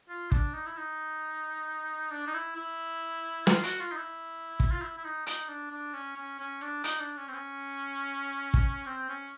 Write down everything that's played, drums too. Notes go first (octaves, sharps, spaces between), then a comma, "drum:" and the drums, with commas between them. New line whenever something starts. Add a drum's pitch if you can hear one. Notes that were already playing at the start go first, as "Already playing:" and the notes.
F4
D4, drum: kick
D#4
E4
D#4
D4
D#4
E4
E4
F4, drum: snare
F#4, drum: hi-hat
F4
D#4
E4
drum: kick
F4
E4
E4
D#4
D#4, drum: hi-hat
D4
D4
C#4
C#4
C#4
D4
D#4, drum: hi-hat
D4
C#4
C4
C#4
drum: kick
C4
C#4